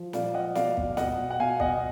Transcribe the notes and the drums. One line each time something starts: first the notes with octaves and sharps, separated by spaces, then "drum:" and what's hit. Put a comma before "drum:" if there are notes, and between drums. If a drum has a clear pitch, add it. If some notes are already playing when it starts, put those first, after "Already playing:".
Already playing: F3
A#2 D5 F5, drum: snare
F3 D#5 F#5
B2 D5 F5, drum: snare
B2, drum: kick
B2 D#5 F#5, drum: snare
B2
F#5
B2 F5 G#5
B2 D#5 F#5, drum: kick